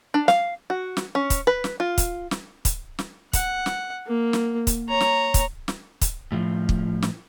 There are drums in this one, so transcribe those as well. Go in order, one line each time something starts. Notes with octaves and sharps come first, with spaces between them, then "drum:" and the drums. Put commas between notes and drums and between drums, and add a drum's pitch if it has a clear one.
D4
F5, drum: snare
F#4
drum: snare
C#4
drum: kick, hi-hat
B4
drum: snare
F4
drum: kick, hi-hat
drum: snare
drum: kick, hi-hat
drum: snare
F#5, drum: kick, hi-hat
drum: snare
A#3
drum: snare
drum: kick, hi-hat
C#5 A#5
drum: snare
drum: kick, hi-hat
drum: snare
drum: kick, hi-hat
A2 F3
drum: kick
drum: snare